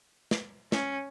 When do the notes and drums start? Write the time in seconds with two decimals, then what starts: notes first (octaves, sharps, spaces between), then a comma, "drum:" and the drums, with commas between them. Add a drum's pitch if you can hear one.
0.31 drum: snare
0.72 C#4, drum: snare